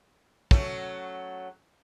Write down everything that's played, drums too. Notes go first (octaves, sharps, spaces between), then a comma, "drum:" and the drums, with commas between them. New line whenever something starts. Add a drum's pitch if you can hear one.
F#3 A3 C#4, drum: kick